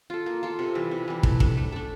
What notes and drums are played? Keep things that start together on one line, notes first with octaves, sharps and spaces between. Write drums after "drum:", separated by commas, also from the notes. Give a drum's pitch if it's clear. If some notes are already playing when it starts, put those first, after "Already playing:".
F4 A4
A#3
F4 A4
C3
E3 G3
C3
E3 G3
A3, drum: kick
D4 A4, drum: kick
A3
D4 A4